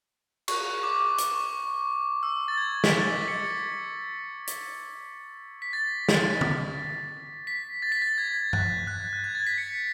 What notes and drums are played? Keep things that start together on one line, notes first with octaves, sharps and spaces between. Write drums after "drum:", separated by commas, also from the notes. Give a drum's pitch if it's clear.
C#6, drum: cymbal
D6
C#6, drum: hi-hat
C#6
E6
A6
G#6
B6, drum: snare
A6
C#7
drum: hi-hat
B6
A6
drum: snare
drum: tom
B6
A6
B6
A6
G#6
F#6, drum: tom G2
F#6
F#6
G#6
A6
B6
C#7